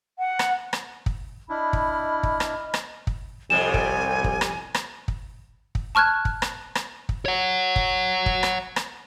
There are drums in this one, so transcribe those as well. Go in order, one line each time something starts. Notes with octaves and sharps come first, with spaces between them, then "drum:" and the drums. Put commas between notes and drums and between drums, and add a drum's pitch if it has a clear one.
F#5
drum: rim click
drum: rim click
drum: kick
D4 E4 D#5 B5 F6
drum: kick
drum: kick
drum: rim click
drum: rim click
drum: kick
C2 F2 G3 G#5 E7
drum: kick
drum: kick
drum: rim click
drum: rim click
drum: kick
drum: kick
A5 C#6 F6 F#6 G#6
drum: kick
drum: rim click
drum: rim click
drum: kick
C#5 F#5
drum: kick
drum: kick
drum: rim click
drum: rim click